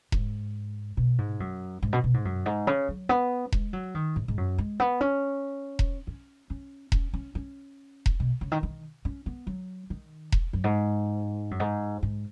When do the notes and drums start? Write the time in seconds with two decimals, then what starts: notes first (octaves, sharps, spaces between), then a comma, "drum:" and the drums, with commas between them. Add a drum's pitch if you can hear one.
0.12 G#2, drum: kick E1
0.97 B2
1.18 G#2
1.40 F#2
1.83 G#2
1.93 B2
2.04 B2
2.14 G#2
2.25 F#2
2.46 G#2
2.67 C#3
2.88 F#3
3.09 B3
3.52 G#3, drum: kick E1
3.73 F#3
3.95 D#3
4.16 G#2
4.28 G#2
4.38 F#2
4.58 G#3
4.80 B3
5.01 C#4
5.79 drum: kick E1
6.07 C#4
6.50 C#4
6.92 C#4, drum: kick E1
7.14 C#4
7.35 C#4
8.06 drum: kick E1
8.20 B2
8.41 C#3
8.52 D#3
8.63 D#3
9.05 C#4
9.26 B3
9.47 F#3
9.90 D#3
10.32 drum: kick E1
10.53 F#2
10.64 G#2
11.51 F#2
11.60 G#2
12.03 G#2